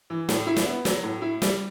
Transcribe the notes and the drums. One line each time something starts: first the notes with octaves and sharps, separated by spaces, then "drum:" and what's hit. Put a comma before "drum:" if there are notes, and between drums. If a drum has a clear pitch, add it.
E3
A2, drum: snare
E4
drum: snare
B3
F#3, drum: snare
A2
E4
G3, drum: snare